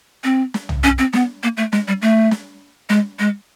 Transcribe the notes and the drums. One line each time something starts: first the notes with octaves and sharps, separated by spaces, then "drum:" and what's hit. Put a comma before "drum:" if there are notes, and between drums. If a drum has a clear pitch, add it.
C4
drum: snare
drum: tom
C#4
C4
B3, drum: snare
A#3
A3
G#3, drum: snare
G3
A3
drum: snare
G#3, drum: snare
G#3